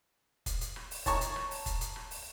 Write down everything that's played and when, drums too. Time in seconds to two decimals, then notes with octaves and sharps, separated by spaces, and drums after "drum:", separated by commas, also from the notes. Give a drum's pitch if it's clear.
0.46 drum: kick, hi-hat
0.61 drum: hi-hat
0.76 drum: rim click
0.91 drum: open hi-hat
1.06 C#5 A5 A#5 C#6, drum: kick, hi-hat
1.21 drum: hi-hat
1.36 drum: rim click
1.51 drum: open hi-hat
1.66 drum: kick, hi-hat
1.81 drum: hi-hat
1.96 drum: rim click
2.11 drum: open hi-hat